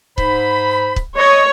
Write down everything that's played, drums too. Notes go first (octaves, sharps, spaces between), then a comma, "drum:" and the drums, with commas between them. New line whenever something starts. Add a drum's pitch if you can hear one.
G#2 C5 B5, drum: kick
drum: kick
C#5 D#5